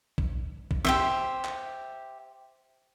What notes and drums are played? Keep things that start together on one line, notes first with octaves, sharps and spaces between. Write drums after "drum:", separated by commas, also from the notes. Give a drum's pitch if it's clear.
drum: kick
drum: kick
G4 C5 E5, drum: snare
drum: clap